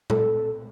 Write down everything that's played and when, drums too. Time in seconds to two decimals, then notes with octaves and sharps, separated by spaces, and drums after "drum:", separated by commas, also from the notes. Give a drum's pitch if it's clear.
0.10 A4, drum: tom A#2